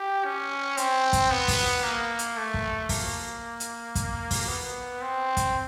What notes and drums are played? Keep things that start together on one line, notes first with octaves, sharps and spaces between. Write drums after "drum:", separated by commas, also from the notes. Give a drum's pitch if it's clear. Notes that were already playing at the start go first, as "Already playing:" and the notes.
Already playing: G4
C#4
C4, drum: hi-hat
drum: kick, hi-hat
B3
drum: kick, open hi-hat
A#3
drum: hi-hat
A3
drum: kick
A#3, drum: kick, open hi-hat
drum: hi-hat
drum: kick, hi-hat
drum: kick, open hi-hat
B3
C4
drum: kick, hi-hat